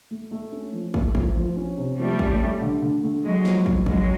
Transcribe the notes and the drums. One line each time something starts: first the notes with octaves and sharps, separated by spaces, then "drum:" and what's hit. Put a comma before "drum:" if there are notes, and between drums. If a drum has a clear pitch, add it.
A3
A3
C#4
F3
A3, drum: kick
F3, drum: kick
F3
C#4
C3
F3 G3 A3
C#4, drum: kick
A3
D3
D3
A3
F#3 G#3 A3
F3, drum: snare
F3, drum: kick
F#3 G#3 C#4, drum: kick